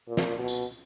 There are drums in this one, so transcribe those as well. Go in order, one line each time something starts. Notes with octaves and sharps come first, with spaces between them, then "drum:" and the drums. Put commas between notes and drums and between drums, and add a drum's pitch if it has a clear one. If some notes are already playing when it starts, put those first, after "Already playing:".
A#2
drum: snare
B2
drum: tambourine